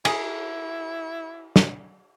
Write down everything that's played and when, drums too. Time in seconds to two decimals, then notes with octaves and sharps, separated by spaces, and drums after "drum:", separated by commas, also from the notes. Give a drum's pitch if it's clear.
0.05 E4 G#4, drum: cymbal
1.56 drum: snare